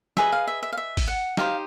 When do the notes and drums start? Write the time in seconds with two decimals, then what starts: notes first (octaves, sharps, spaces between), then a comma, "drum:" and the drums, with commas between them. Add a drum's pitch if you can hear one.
0.17 G#4 B4 D#5 E5, drum: snare
0.32 F5
0.47 E5
0.63 E5
0.73 F5
0.77 E5
0.97 drum: kick G#1, open hi-hat
1.08 F#5
1.37 D#4 G4 C5 F5, drum: snare